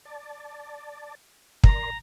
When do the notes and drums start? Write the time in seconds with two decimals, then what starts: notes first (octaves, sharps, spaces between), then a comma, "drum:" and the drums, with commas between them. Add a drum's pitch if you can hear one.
0.05 D5 A5
1.64 A#4 D5 A#5 C6, drum: kick